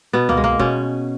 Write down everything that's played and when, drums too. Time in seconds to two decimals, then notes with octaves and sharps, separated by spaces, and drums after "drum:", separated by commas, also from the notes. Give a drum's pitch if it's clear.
0.13 B2 B3
0.29 A#3, drum: tom
0.37 G#3
0.44 A#3
0.59 B2 C#4, drum: kick